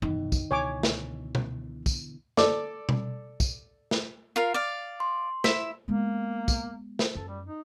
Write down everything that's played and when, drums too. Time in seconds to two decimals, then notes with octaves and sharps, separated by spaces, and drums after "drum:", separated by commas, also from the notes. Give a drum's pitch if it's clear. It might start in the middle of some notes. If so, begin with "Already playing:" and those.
0.02 D#1 F#2 B2 D#3 E3
0.32 drum: kick, tambourine
0.51 C#2 B2 D3 E3 C#5 G#5 D6
0.83 drum: snare
1.35 drum: tom B2
1.86 drum: kick, tambourine
2.37 A4 D5 D6, drum: snare
2.89 drum: tom B2
3.40 drum: kick, tambourine
3.91 drum: snare
4.36 F4 A#4 F5
4.54 D5 F5
5.00 C6
5.44 E4 E5, drum: snare
5.88 G#3 A#3 B3
6.48 drum: kick, tambourine
6.99 drum: snare
7.15 F#2 A4
7.28 G3
7.46 D#4